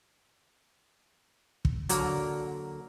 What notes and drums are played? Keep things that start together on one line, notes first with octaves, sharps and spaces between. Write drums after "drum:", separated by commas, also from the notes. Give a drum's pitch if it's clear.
drum: kick
D3 F#3 A#3 A#4, drum: hi-hat